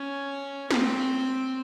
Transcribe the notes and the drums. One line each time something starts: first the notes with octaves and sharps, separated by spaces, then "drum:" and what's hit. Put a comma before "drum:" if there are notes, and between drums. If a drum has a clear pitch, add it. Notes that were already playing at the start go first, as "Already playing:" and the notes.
Already playing: C#4
C4, drum: snare